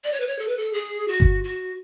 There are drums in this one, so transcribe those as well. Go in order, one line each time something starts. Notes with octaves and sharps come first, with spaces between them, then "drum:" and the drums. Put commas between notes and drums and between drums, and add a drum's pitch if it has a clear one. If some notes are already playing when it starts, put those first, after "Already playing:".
D5
C#5
B4
C#5
A4
B4
A4
G#4
F#4
drum: kick G1
F#4